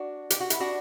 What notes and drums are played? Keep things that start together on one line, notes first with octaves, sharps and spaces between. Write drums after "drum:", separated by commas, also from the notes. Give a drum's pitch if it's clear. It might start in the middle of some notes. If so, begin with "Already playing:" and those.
Already playing: D4 F#4
G4, drum: hi-hat
F#4
E4, drum: hi-hat
D4 F#4